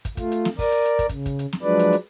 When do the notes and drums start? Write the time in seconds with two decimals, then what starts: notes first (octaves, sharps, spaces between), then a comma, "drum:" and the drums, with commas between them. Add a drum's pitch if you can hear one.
0.05 drum: kick, hi-hat
0.17 A3 F4, drum: kick, hi-hat
0.32 drum: hi-hat
0.45 drum: snare
0.59 A#4 D5, drum: kick, open hi-hat
0.72 drum: hi-hat
0.85 drum: hi-hat
0.99 drum: kick, hi-hat
1.09 C#3, drum: kick, hi-hat
1.26 drum: kick, hi-hat
1.39 drum: hi-hat
1.53 drum: snare
1.62 F3 F#3 G#3 D4 B4 D5
1.79 drum: hi-hat
1.93 drum: hi-hat